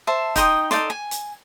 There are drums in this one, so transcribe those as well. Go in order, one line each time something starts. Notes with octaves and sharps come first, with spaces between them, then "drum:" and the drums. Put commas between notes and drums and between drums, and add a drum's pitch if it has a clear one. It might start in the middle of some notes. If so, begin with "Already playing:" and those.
C5 E5 A5
D#4 G5 C6 D#6, drum: kick, hi-hat
D#4 A4 D5 C6, drum: snare
G#5
drum: hi-hat